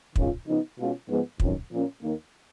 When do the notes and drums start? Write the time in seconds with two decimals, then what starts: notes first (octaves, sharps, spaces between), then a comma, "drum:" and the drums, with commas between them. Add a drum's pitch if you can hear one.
0.16 D#3 G#3 C#4 F4, drum: kick
0.46 C#3 F3 B3 D#4
0.78 B2 G#3 C#4 F4
1.08 G#2 F3 G#3 B3
1.40 F2 D#3 F#3 C#4, drum: kick
1.71 A#2 F3 A#3 C#4
2.02 D#2 D#3 A#3